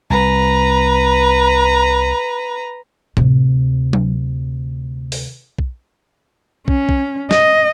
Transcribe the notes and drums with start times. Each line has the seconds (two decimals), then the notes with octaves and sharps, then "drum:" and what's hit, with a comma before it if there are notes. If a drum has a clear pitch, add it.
0.10 C2 B4 A#5
3.17 D2 C3, drum: tom A2
3.93 drum: tom F#3
5.12 drum: open hi-hat
5.58 drum: kick
6.68 C#4, drum: kick
6.89 drum: kick
7.31 D#5, drum: snare